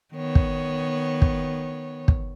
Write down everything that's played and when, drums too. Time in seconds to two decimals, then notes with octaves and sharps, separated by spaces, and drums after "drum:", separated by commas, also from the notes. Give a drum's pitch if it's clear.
0.14 D#3 B3 C#5
0.35 drum: kick
1.22 drum: kick
2.08 drum: kick